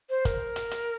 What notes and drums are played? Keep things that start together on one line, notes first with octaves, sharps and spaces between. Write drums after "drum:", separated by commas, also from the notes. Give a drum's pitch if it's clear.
C5
A#4, drum: kick G1, hi-hat
drum: hi-hat
drum: hi-hat